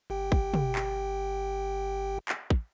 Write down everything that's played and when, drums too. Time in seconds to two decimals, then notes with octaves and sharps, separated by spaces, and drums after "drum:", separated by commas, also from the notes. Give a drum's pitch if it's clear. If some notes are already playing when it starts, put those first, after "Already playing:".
0.10 G1 G4 G5
0.32 drum: kick
0.54 drum: tom
0.76 drum: clap
2.29 drum: clap
2.50 drum: kick